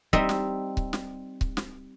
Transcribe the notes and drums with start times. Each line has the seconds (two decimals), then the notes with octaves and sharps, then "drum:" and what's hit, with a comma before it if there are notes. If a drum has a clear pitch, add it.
0.13 G3 C4 D#4 D#5 E5, drum: kick C#1
0.29 drum: snare
0.77 drum: kick C#1
0.93 drum: snare
1.41 drum: kick C#1
1.57 drum: snare